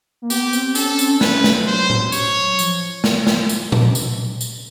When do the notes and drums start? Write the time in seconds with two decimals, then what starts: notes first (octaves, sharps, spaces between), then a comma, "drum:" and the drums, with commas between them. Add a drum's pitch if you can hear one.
0.22 A#3
0.30 B3 G4, drum: tambourine
0.53 C4, drum: tambourine
0.75 C#4 A4, drum: tambourine
0.87 C#4
0.99 C4, drum: tambourine
1.10 C#4
1.21 C#4 B4, drum: snare
1.32 A3
1.44 drum: snare
1.56 F#3
1.67 C5
1.90 drum: tom A2
2.12 C#5, drum: tambourine
2.59 F3, drum: tambourine
3.04 drum: snare
3.27 drum: snare
3.49 drum: tambourine
3.72 drum: tom A#2
3.95 drum: tambourine
4.41 drum: tambourine